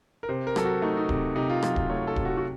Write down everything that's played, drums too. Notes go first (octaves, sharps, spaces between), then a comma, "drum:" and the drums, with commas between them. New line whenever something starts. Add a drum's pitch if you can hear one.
A#4
C3 C5
A#4
F#3 A4, drum: rim click
F#4
A3 D#4
D#4
C3, drum: kick D1
C3 D#4
F4
F#3 F4, drum: rim click
drum: kick D1
A3 C#5
A4
C3, drum: kick D1
F#4
F#4